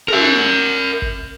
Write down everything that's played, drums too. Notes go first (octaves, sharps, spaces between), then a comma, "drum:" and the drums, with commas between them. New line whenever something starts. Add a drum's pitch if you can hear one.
A#4 E5, drum: tom
drum: kick